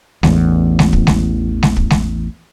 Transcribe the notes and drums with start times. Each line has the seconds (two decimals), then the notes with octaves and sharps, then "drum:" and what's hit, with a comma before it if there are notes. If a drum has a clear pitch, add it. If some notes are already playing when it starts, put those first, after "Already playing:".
0.23 A1 E2, drum: snare G#3
0.79 drum: snare G#3
0.93 drum: kick
1.07 drum: snare G#3
1.63 drum: snare G#3
1.77 drum: kick
1.90 drum: snare G#3